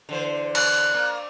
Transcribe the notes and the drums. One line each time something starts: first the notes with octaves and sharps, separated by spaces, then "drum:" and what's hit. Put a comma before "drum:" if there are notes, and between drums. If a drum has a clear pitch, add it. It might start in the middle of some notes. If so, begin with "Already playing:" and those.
D3 E3 C5
F#6, drum: cymbal
A#3